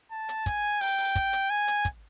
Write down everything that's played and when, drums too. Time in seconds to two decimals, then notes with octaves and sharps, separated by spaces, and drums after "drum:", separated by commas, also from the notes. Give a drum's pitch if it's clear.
0.11 A5
0.29 drum: hi-hat
0.46 G#5, drum: kick, hi-hat
0.81 G5, drum: open hi-hat
0.98 drum: open hi-hat
1.15 drum: kick, hi-hat
1.33 drum: hi-hat
1.50 G#5
1.68 drum: hi-hat
1.85 drum: kick, hi-hat